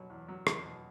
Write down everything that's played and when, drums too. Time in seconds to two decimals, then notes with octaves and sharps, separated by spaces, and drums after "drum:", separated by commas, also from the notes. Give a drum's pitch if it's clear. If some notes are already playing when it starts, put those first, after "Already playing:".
Already playing: B2 F#3
0.10 E2
0.28 F#3
0.47 E2, drum: rim click
0.65 B2